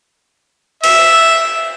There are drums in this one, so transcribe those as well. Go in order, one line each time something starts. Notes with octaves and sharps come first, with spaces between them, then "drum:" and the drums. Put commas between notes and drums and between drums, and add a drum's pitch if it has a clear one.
E5, drum: cymbal